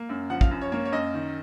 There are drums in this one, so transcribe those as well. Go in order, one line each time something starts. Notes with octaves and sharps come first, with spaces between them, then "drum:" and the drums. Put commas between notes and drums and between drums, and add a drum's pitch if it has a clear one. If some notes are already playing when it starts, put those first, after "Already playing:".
Already playing: A#3
F#2
F3 F#5
F5, drum: kick
F#2
C#5
A#3 C#5
C#5
F#2 D#5
D#3